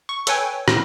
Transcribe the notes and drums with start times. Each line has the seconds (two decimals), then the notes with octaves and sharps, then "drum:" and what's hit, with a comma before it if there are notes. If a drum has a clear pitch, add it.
0.09 C#6
0.27 A4 B4 C#5 G5 G#5, drum: hi-hat
0.68 A2 C3, drum: rim click